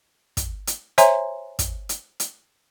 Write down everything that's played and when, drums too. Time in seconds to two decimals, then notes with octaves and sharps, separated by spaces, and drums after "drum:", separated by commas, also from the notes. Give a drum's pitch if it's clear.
0.37 drum: kick, hi-hat
0.67 drum: hi-hat
0.98 C5 C#5 E5 G#5 A#5 C6, drum: hi-hat
1.59 drum: kick, hi-hat
1.89 drum: hi-hat
2.20 drum: hi-hat